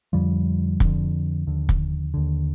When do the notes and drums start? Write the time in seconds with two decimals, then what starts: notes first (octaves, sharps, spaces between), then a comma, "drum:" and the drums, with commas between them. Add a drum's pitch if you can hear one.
0.13 F2 D3 F3 G3
0.80 F2 D3, drum: kick
1.47 D#2 D3
1.69 drum: kick
2.14 D#2 D3